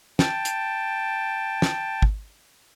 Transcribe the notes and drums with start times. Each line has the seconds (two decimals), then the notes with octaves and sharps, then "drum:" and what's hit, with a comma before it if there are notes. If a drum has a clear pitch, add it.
0.19 G5 A5, drum: snare
0.45 drum: hi-hat
1.62 drum: snare
2.02 drum: kick